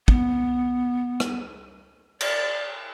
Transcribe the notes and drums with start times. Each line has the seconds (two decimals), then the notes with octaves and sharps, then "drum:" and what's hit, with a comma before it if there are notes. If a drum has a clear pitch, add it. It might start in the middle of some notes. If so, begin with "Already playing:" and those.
0.08 B3, drum: kick
1.20 drum: rim click
2.21 D5, drum: cymbal